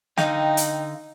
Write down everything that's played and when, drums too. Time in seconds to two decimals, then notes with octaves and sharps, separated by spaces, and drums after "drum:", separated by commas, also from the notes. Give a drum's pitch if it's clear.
0.18 D3 D#4 D#5 F5 G5, drum: snare
0.57 drum: hi-hat